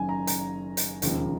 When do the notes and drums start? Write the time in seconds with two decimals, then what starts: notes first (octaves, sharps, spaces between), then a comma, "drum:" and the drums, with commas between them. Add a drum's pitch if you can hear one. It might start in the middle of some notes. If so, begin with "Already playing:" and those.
Already playing: F#1 F#2 D#3 G#5
0.09 A#5
0.27 A#5, drum: hi-hat
0.77 drum: hi-hat
1.02 E1 D#2 C#3 F3, drum: hi-hat